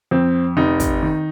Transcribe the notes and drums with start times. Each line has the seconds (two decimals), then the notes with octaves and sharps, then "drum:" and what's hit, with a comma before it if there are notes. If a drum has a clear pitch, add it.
0.11 F2 C4
0.57 F1 D#4
0.80 drum: kick, hi-hat
1.03 D#3